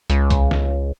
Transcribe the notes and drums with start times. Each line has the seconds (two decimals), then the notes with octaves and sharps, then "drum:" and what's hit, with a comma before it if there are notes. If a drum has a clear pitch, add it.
0.10 C#2, drum: hi-hat
0.30 drum: kick, hi-hat
0.51 drum: snare